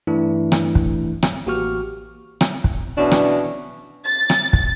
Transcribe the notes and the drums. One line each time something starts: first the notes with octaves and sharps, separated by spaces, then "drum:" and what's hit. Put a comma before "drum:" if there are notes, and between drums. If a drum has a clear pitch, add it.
G2 E3 A3 D4 E4
drum: rim click
drum: kick
drum: rim click
A1 A#3 F#4 G4 C#6 F6
drum: rim click
drum: kick
B2 E3 C#4 D4
drum: rim click
A6
drum: rim click
drum: kick